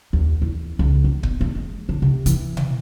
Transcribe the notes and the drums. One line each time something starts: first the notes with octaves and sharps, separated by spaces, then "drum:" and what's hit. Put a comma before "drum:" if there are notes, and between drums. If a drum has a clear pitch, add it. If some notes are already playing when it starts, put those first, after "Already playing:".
D#2
E2
C#2
F2
B3, drum: kick
G#3
G#3
D3
C3
E3, drum: hi-hat
drum: tom B2